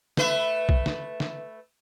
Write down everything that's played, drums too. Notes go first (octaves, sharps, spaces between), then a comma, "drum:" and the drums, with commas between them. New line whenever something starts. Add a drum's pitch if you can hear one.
A3 B4 E5, drum: snare
drum: kick B1
drum: snare
drum: snare